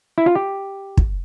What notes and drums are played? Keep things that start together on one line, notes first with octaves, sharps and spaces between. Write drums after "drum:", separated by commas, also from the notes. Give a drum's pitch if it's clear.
E4
F4
G4
drum: kick